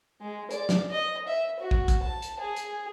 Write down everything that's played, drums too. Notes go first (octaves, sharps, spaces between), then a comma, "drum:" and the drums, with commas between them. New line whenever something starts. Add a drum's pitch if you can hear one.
G#3
D5, drum: hi-hat
drum: snare
D#5
E5
F#4
drum: kick
drum: kick, hi-hat
A5
drum: hi-hat
G#4
drum: hi-hat